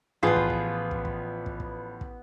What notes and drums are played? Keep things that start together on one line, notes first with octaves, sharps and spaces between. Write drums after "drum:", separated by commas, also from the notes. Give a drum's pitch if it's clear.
A1 F3 B3 F4 G#4 B4
drum: kick
drum: kick
drum: kick
drum: kick
drum: kick
drum: kick
drum: kick